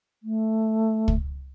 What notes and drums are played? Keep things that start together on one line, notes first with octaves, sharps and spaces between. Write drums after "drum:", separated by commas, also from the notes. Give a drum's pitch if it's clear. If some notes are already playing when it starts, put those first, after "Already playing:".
A3
drum: kick